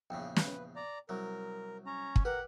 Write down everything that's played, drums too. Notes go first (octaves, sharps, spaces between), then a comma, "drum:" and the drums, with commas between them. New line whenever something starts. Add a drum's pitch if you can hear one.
A#1 E2 C#3 G5
B4, drum: snare
D5 A#5
C2 F#3 A#4
C#4 A#5
drum: kick
G4 A#4 B4 F#5